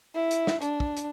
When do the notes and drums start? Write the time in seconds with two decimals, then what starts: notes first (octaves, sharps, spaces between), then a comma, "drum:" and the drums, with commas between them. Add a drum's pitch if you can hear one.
0.14 E4
0.31 drum: hi-hat
0.47 drum: snare
0.62 D4, drum: hi-hat
0.80 drum: kick
0.97 drum: hi-hat